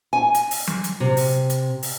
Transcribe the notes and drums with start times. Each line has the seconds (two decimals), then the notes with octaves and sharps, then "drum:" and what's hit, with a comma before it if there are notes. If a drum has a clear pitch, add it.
0.13 G#5
0.34 drum: hi-hat
0.51 drum: open hi-hat
0.67 drum: tom F#3
0.84 drum: hi-hat
1.00 C3
1.17 drum: open hi-hat
1.50 drum: hi-hat
1.83 drum: open hi-hat